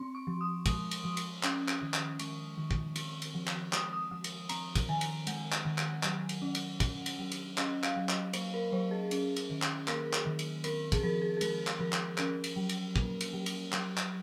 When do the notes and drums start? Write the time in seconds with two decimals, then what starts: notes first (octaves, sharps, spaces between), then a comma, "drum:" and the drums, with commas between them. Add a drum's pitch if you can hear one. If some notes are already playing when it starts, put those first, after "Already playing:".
Already playing: C4 C6
0.15 C#6
0.27 F3
0.41 D#6
0.66 G#3 D#6, drum: kick, cymbal
0.91 drum: cymbal
1.04 F3
1.17 drum: cymbal
1.43 C#4, drum: clap
1.68 drum: clap
1.82 D#3
1.94 drum: clap
2.19 G#3 C#6, drum: cymbal
2.57 D#3
2.71 drum: kick
2.96 C4, drum: cymbal
3.22 drum: cymbal
3.34 F3
3.47 drum: clap
3.73 G#3 D#6, drum: clap
3.93 D#6
4.11 F3 D#6
4.24 drum: cymbal
4.49 C4 A#5, drum: cymbal
4.75 drum: kick, cymbal
4.89 D#3 G#5
5.01 drum: cymbal
5.27 G#3 F#5, drum: cymbal
5.52 drum: clap
5.65 D#3
5.78 drum: clap
6.03 F#3, drum: clap
6.29 drum: cymbal
6.42 C#4
6.55 drum: cymbal
6.80 C#4, drum: kick, cymbal
7.06 drum: cymbal
7.19 F#3
7.32 drum: cymbal
7.58 C#4 D#5, drum: clap
7.83 F5, drum: clap
7.96 F#3
8.09 D#5, drum: clap
8.33 A#3 C5, drum: cymbal
8.54 A#4
8.72 F#3 C5
8.91 G#4
9.11 C#4, drum: cymbal
9.36 drum: cymbal
9.50 D#3
9.62 drum: clap
9.88 A#3 A#4, drum: clap
10.13 drum: clap
10.26 D#3
10.39 drum: cymbal
10.64 C4 A#4, drum: cymbal
10.92 G#4, drum: kick, cymbal
11.03 F3 A#4
11.22 G#4
11.37 G#4
11.41 G#3 A#4, drum: cymbal
11.67 drum: clap
11.79 F3 A#4
11.93 drum: clap
12.18 C#4 A#4, drum: clap
12.44 drum: cymbal
12.56 F#3
12.69 drum: cymbal
12.96 A#3, drum: kick
13.21 drum: cymbal
13.33 F#3
13.46 drum: cymbal
13.72 F#3, drum: clap
13.97 drum: clap